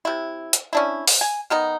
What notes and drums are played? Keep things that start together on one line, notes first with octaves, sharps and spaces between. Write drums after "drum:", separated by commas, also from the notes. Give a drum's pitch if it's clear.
C3 E4
drum: hi-hat
C#4 D4 E4
drum: open hi-hat
G#5
D#3 B3 D#4